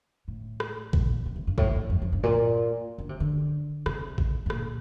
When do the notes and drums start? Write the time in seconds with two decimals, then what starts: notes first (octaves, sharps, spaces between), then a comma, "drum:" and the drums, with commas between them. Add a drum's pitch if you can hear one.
0.28 A2
0.60 drum: rim click
0.93 A#2, drum: kick A1
1.26 C3
1.36 C3
1.47 G2
1.58 A2, drum: kick A1
1.74 G2
1.90 F2
2.02 F2
2.13 G2
2.23 A#2
2.98 D3
3.09 C3
3.20 D3
3.86 C3, drum: rim click
4.18 drum: kick A1
4.46 A2
4.50 A#2, drum: rim click